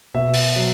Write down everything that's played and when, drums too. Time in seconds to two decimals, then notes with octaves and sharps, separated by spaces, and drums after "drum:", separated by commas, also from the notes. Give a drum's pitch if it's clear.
0.14 B2 E5
0.33 drum: open hi-hat
0.56 F#3